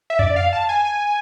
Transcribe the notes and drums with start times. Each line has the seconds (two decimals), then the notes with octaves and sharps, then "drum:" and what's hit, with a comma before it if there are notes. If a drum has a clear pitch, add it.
0.10 E5
0.19 D5, drum: tom F2
0.36 F5
0.53 A5
0.69 G#5
0.85 G#5